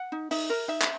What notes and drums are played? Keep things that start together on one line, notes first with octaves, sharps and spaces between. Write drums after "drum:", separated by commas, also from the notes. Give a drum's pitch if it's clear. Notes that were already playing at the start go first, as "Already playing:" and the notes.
Already playing: F#5
D#4
D#4 E5, drum: open hi-hat
A#4
D#4 E5
drum: clap